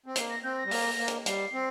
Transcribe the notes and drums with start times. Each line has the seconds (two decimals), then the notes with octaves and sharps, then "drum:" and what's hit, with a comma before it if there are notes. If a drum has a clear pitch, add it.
0.06 C4
0.16 A#3 C7, drum: hi-hat
0.30 A#6
0.44 C4 G6
0.57 A#6
0.65 G3
0.71 A#3, drum: open hi-hat
0.98 A#3
1.08 drum: hi-hat
1.26 G3 C7, drum: hi-hat
1.53 C4